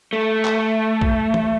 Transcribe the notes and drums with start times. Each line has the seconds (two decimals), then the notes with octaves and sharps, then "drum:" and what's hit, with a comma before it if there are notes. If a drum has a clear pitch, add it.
0.13 A3
0.45 drum: clap
1.01 drum: kick A#1
1.34 drum: tom